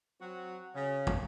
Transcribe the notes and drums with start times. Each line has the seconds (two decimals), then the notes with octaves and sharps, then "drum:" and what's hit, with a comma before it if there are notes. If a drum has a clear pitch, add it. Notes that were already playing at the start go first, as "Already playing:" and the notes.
0.21 F#3 C4 F#4
0.75 C#3
1.07 drum: kick